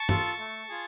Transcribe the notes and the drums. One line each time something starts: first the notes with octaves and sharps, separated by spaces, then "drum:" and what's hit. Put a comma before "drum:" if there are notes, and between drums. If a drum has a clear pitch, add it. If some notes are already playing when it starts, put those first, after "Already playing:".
Already playing: A5 C#6
F4 A4, drum: tom
A3
F4 G#4